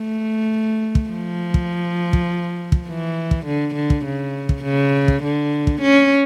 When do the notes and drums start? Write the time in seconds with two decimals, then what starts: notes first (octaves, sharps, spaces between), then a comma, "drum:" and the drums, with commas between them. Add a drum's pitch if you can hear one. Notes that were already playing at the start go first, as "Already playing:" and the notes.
Already playing: A3
0.95 drum: kick
1.10 F3
1.54 drum: kick
2.13 drum: kick
2.72 drum: kick
2.87 E3
3.31 drum: kick
3.46 D3
3.75 D3
3.90 drum: kick
4.05 C#3
4.49 drum: kick
4.63 C#3
5.08 drum: kick
5.23 D3
5.67 drum: kick
5.81 C#4